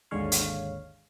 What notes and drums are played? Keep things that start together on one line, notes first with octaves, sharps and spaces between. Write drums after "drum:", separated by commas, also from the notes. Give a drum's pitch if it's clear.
G#1 D#2 D3 G#3 C#5 F5
drum: hi-hat